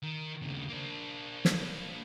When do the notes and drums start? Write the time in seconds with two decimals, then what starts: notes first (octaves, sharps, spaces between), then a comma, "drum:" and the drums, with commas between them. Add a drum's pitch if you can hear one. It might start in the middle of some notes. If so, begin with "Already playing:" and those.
0.02 D#3
0.42 D#2 C#3
0.69 A#3 D4
1.45 drum: snare